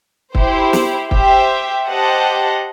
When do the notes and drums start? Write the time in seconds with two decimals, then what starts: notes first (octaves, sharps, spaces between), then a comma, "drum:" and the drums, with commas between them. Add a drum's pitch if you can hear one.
0.35 E4 G4 C5, drum: kick
0.73 drum: snare
1.11 G4 C5 E5 G5, drum: kick
1.88 G4 C5 D#5 F#5 A5